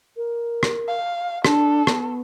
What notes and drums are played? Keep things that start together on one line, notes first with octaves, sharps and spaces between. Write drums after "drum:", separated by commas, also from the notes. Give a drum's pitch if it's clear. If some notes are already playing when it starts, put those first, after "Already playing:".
A#4
drum: rim click
F5
D4 A4, drum: rim click
B3, drum: rim click